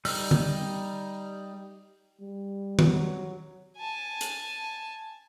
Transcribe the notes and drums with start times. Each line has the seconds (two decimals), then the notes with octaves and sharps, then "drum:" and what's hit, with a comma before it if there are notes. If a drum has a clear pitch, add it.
0.05 G3 D#4 E6, drum: open hi-hat
0.31 drum: tom
2.21 G3
2.79 F#3, drum: tom
3.77 G#5 A5
4.21 drum: hi-hat